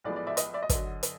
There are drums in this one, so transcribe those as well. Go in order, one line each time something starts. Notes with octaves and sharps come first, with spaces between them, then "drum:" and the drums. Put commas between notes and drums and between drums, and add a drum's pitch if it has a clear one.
B1 A2 F3 G#3 B3 D5
D5
D5 E5
D#5, drum: hi-hat
D5 E5
D#5
F#2 D3 F#3, drum: kick, hi-hat
drum: hi-hat